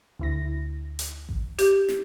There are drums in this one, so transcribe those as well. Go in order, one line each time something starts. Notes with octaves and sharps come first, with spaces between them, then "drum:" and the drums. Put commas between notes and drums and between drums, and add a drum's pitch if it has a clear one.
D2 E4 A#6
drum: hi-hat
drum: kick G#1
G4 G6, drum: hi-hat
drum: snare